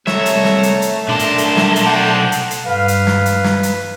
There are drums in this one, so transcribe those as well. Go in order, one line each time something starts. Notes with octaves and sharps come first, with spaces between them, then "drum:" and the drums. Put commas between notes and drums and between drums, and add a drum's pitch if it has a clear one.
C2 A3 C#5 E5 A#5, drum: snare
drum: hi-hat
drum: snare
drum: hi-hat
drum: hi-hat
B1 D4 A#4 A5 C6
drum: hi-hat
drum: hi-hat
drum: snare
drum: hi-hat
C5 D5 F#5 G5
drum: hi-hat
drum: hi-hat
G2 B4 F5
drum: hi-hat
drum: snare
drum: hi-hat
drum: snare
drum: hi-hat